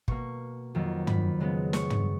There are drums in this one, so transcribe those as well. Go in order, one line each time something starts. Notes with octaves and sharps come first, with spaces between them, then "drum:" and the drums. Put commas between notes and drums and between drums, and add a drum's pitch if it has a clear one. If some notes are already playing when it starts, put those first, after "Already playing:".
B2 A#3 C#6, drum: kick
F2 D#3 F#3 A#3
B5, drum: tom
C#3 G#3 B3
C#6, drum: snare
drum: tom